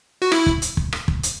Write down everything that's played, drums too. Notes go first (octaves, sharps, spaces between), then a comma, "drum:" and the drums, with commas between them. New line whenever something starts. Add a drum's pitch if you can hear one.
F#4
E4, drum: rim click
drum: kick
drum: hi-hat
drum: kick
drum: rim click
drum: kick
drum: hi-hat